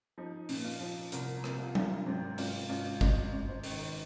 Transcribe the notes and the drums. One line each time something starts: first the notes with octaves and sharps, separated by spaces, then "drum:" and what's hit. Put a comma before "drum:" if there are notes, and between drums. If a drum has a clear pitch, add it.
F3 D#4
A#2, drum: open hi-hat
F4
F3
C2 A#4, drum: hi-hat
C3, drum: rim click
F4
C3, drum: tom F#3
G#1 C4
G#1 F4, drum: open hi-hat
G#1 F4
G#1 D#5, drum: kick G1, hi-hat
G#1
C5
D#3, drum: open hi-hat